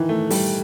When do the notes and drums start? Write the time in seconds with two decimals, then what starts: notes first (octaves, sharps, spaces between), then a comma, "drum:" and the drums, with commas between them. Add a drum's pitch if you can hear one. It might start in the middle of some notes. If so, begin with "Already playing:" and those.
Already playing: D#3 E3
0.09 A3
0.30 G3, drum: open hi-hat